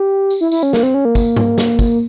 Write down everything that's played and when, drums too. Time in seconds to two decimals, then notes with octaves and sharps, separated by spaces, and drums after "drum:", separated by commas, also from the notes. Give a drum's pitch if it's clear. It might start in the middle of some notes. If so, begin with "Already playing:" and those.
Already playing: G4
0.30 drum: tambourine
0.41 E4
0.52 E4, drum: tambourine
0.63 C#4
0.73 A#3, drum: snare
0.83 C4
0.94 C#4
1.05 A#3
1.15 drum: kick, tambourine
1.37 drum: tom G#2
1.58 drum: snare
1.79 drum: kick, tambourine